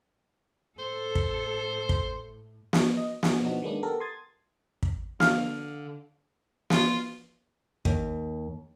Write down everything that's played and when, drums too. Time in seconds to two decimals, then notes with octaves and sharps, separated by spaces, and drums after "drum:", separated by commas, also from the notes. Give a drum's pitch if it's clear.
0.79 A2 A4 C5
1.15 drum: kick
1.89 drum: kick
2.73 drum: snare
2.97 D#5
3.23 F#4 G#4, drum: snare
3.42 B2 F3 B3 D4 D#4 F#4
3.62 D#3 F#3 G#3 A#3 B3 D4
3.83 B3 G4 A4 A#4
4.00 C6 D#6 G#6 A6
4.83 drum: kick
5.20 D3 F5 F6, drum: snare
6.70 F4, drum: snare
7.85 D#2, drum: kick